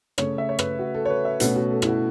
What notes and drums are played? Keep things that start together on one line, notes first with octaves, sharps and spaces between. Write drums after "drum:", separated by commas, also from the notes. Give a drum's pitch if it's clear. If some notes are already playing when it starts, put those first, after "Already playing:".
C#3 A3 C#4 C#5, drum: rim click
E5
C#5
B4, drum: rim click
F#4
A4
C#5
B4
E5
B2 A3 C#4 B4, drum: hi-hat
F#4
A4
E4, drum: rim click
F#4